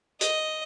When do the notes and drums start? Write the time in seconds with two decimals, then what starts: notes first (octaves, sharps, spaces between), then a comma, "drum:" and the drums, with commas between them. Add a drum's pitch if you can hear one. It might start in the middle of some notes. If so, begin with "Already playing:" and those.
0.21 D#5, drum: hi-hat